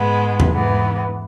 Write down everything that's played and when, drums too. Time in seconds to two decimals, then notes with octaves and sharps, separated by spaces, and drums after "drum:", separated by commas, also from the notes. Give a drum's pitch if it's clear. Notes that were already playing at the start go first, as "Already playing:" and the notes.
Already playing: G#2 G#3 B3
0.40 drum: tom E2
0.50 G#2 E3 B3